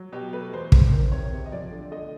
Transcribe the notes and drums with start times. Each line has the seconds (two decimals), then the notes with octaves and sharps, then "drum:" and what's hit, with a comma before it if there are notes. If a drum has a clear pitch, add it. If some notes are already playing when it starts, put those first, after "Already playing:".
Already playing: F#3
0.12 B2 G4
0.33 A3 B4
0.53 E2 C5
0.72 G#3 C5, drum: kick
0.92 D#3
1.12 C3 C#5
1.33 C3
1.46 D#5
1.52 F3 D5
1.72 D3
1.91 A3 D#5